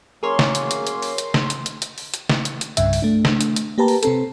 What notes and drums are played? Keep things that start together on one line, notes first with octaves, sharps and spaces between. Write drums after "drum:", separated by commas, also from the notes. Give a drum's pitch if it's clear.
F#3 A#3 C#4 G#4 A#4 C#5 C6
drum: snare
drum: hi-hat
drum: hi-hat
drum: hi-hat
drum: open hi-hat
drum: hi-hat
drum: snare
drum: hi-hat
drum: hi-hat
drum: hi-hat
drum: open hi-hat
drum: hi-hat
drum: snare
drum: hi-hat
drum: hi-hat
C2 G2 C#3 E5, drum: hi-hat
drum: open hi-hat
A3 D4
drum: snare
drum: hi-hat
drum: hi-hat
A#3 G4 B4 A5 A#5
drum: open hi-hat
C3 C4 A4, drum: hi-hat